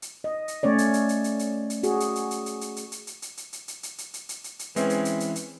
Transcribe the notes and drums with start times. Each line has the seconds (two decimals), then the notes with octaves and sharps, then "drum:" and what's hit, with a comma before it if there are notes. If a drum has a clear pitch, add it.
0.02 drum: hi-hat
0.24 D#5
0.48 drum: hi-hat
0.63 A3 C#4 C#5 D5
0.78 drum: hi-hat
0.94 drum: hi-hat
1.09 drum: hi-hat
1.24 drum: hi-hat
1.39 drum: hi-hat
1.70 drum: hi-hat
1.83 F#4 G#4, drum: hi-hat
2.00 drum: hi-hat
2.16 drum: hi-hat
2.31 drum: hi-hat
2.46 drum: hi-hat
2.61 drum: hi-hat
2.76 drum: hi-hat
2.92 drum: hi-hat
3.07 drum: hi-hat
3.22 drum: hi-hat
3.37 drum: hi-hat
3.53 drum: hi-hat
3.68 drum: hi-hat
3.83 drum: hi-hat
3.98 drum: hi-hat
4.14 drum: hi-hat
4.29 drum: hi-hat
4.44 drum: hi-hat
4.59 drum: hi-hat
4.76 E3 G#3 C4 C#4, drum: hi-hat
4.90 drum: hi-hat
5.05 drum: hi-hat
5.20 drum: hi-hat
5.36 drum: hi-hat